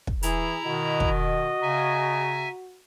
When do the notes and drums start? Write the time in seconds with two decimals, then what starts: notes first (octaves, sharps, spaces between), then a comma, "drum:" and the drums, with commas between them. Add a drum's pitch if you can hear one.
0.07 drum: kick
0.23 E3 E4 G#4 A#5, drum: hi-hat
0.65 B2 D#3 F#4 D#5
1.00 drum: kick
1.62 C#3 E5 G#5 A#5